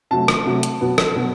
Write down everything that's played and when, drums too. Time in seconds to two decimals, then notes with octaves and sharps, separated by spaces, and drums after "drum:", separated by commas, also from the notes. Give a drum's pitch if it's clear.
0.11 C3 F#3 A3 A5
0.28 drum: rim click
0.45 C3 F#3 A3
0.63 drum: hi-hat
0.81 B2 F#3 B3
0.98 drum: rim click
1.16 B2 F#3 B3